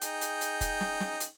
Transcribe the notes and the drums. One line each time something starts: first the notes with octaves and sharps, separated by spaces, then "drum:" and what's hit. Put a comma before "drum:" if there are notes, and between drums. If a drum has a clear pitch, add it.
D#4 G#4 G5, drum: hi-hat
drum: hi-hat
drum: hi-hat
drum: kick, hi-hat
drum: snare
drum: snare
drum: hi-hat